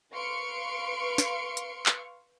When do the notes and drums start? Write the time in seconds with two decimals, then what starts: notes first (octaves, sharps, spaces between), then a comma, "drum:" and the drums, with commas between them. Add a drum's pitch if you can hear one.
0.13 B4 F5 C6 C#6 C#7 D7
1.18 drum: snare
1.57 drum: hi-hat
1.86 drum: clap